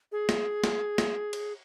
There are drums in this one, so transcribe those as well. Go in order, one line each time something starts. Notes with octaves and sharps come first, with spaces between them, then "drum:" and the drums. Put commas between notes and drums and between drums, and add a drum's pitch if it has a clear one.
G#4
drum: snare
drum: snare
drum: snare
drum: cymbal